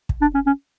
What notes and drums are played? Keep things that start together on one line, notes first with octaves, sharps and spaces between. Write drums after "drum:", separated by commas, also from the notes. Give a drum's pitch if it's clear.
drum: kick
D4
C#4
C#4